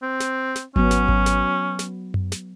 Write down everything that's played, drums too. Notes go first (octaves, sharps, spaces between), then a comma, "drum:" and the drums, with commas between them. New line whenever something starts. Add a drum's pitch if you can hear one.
C4
drum: snare
drum: snare
F#3 B3 C#4, drum: kick G#1
drum: snare
drum: kick G#1
drum: snare
drum: snare
drum: tom F#2
drum: snare